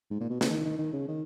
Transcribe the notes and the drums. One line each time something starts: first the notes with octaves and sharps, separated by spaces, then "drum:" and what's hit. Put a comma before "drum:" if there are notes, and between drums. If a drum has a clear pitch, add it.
G#2
A#2
B2
C#3, drum: snare
D#3
D#3
D#3
C#3
D#3